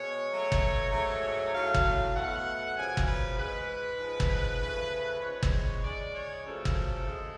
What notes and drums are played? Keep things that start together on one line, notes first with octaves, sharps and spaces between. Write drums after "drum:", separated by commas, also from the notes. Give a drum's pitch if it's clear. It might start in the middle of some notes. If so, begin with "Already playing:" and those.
Already playing: B2 G#3 C#5
B2 F#3 A3
drum: kick
G#2 F#3 A3
A2 F#3 A3 F5
drum: kick
B2 A3 F#5
F#2 C#3 F3 G#5
drum: kick
B4
G#2 G#3 B4
G#2 F3 G#3
drum: kick
C#3 F3 A3
G#2 F3 G#3 C#5
drum: kick
C#3 G#3 D5
C#5
F#2 C#3 F3 A3 A4
drum: kick
C#3 G#3